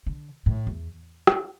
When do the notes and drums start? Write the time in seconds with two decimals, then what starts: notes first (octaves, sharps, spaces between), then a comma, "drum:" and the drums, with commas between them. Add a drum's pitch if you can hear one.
0.06 D3
0.46 A2
0.67 E2
1.27 drum: rim click